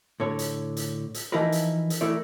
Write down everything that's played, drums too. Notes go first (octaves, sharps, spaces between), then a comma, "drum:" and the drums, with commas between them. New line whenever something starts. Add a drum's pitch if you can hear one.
A2 D3 C#5
drum: hi-hat
drum: hi-hat
drum: hi-hat
E3 F3 D#4 E4 A#4 B4
drum: hi-hat
drum: hi-hat
E3 A3 E4 A#4 D5